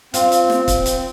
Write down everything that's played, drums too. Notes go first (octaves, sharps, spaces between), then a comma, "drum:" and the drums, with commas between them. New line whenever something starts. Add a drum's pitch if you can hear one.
C4 F4, drum: hi-hat
drum: hi-hat
drum: snare
drum: kick C#1, hi-hat
drum: hi-hat